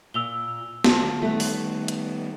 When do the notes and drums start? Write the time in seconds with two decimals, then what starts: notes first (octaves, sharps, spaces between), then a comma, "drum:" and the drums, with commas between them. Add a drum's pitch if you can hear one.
0.14 A#2 E6 F7 G7
0.84 D2 G2 F4 A5, drum: snare
1.22 D#3 G3 A3 B3
1.40 drum: open hi-hat
1.88 drum: hi-hat